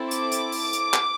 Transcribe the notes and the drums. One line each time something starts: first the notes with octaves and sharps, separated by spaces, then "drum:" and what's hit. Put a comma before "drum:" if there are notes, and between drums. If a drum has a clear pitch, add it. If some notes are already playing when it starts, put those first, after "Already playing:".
Already playing: C4 E4 A4
D6, drum: hi-hat
drum: hi-hat
drum: open hi-hat
drum: hi-hat
drum: clap